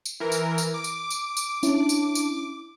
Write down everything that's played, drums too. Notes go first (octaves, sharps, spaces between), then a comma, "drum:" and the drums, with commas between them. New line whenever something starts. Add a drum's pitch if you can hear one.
drum: tambourine
E3 A#4
drum: tambourine
drum: tambourine
D6
drum: tambourine
drum: tambourine
drum: tambourine
C#4 D4 E4, drum: tambourine
drum: tambourine
drum: tambourine